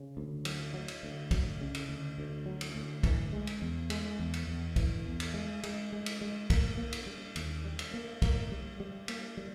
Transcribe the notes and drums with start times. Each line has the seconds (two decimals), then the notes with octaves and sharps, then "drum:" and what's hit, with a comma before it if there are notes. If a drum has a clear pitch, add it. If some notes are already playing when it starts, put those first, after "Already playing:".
Already playing: C#3
0.17 D2
0.45 F#3, drum: cymbal
0.74 F#3
0.88 drum: cymbal
1.03 D2
1.31 F#3, drum: kick, cymbal
1.61 C#3
1.75 drum: cymbal
1.88 D2
2.18 D2
2.46 F#3
2.61 drum: cymbal
2.75 D2
3.03 E3, drum: kick, cymbal
3.33 G#3
3.47 drum: cymbal
3.62 E2
3.90 G#3, drum: cymbal
4.19 E2
4.34 drum: cymbal
4.47 E2
4.76 E3, drum: kick, cymbal
5.06 E2
5.20 drum: cymbal
5.34 G#3
5.63 G#3, drum: cymbal
5.92 G#3
6.06 drum: cymbal
6.21 G#3
6.50 A#3, drum: kick, cymbal
6.78 A#3
6.93 drum: cymbal
7.06 G3
7.36 D#2, drum: cymbal
7.65 G3
7.79 drum: cymbal
7.94 A#3
8.22 A#3, drum: kick, cymbal
8.51 G3
8.80 G3
9.08 A#3, drum: cymbal
9.37 G3